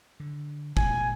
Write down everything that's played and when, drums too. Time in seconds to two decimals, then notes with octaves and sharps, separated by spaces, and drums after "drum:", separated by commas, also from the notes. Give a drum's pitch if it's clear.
0.20 D3
0.77 A#2 G#3 G#5, drum: kick